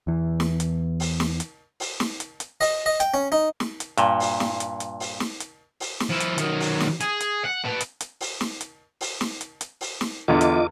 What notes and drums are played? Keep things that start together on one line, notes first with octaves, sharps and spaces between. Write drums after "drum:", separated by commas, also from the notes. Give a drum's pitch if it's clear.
E2 E3
drum: snare
drum: hi-hat
drum: open hi-hat
drum: snare
drum: hi-hat
drum: open hi-hat
drum: snare
drum: hi-hat
drum: hi-hat
D#5, drum: open hi-hat
D#5
G5, drum: hi-hat
C#4
D#4
drum: snare
drum: hi-hat
G2 A#2, drum: hi-hat
drum: open hi-hat
drum: snare
drum: hi-hat
drum: hi-hat
drum: open hi-hat
drum: snare
drum: hi-hat
drum: open hi-hat
drum: snare
F3 E4
drum: hi-hat
D#3 F#3, drum: hi-hat
drum: open hi-hat
drum: snare
G#4, drum: hi-hat
drum: hi-hat
F#5
B4 A5
drum: hi-hat
drum: hi-hat
drum: open hi-hat
drum: snare
drum: hi-hat
drum: open hi-hat
drum: snare
drum: hi-hat
drum: hi-hat
drum: open hi-hat
drum: snare
E2 D3 F4 D#5 D6
drum: hi-hat